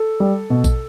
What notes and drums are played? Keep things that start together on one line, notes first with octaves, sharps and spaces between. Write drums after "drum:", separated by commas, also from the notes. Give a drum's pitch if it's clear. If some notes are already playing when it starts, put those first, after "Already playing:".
Already playing: A4
G3
B2
drum: kick A#1, tambourine